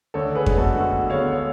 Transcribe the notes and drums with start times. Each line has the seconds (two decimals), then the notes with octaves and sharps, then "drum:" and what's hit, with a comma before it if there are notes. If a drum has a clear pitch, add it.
0.14 D2 A4 C#5
0.35 G#4 B4
0.46 D3 G#3 B3, drum: kick F2
0.57 F#4 A4
0.78 D2 F#4
1.10 D3 G#3 B3 C#5 F5